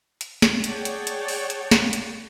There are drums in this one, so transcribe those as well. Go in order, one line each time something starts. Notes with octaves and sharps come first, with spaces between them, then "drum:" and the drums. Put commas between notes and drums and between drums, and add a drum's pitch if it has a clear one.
drum: hi-hat
drum: snare
G#4 C#5 D5 F#5 G5 A5, drum: hi-hat
drum: hi-hat
drum: hi-hat
drum: open hi-hat
drum: hi-hat
drum: snare
drum: hi-hat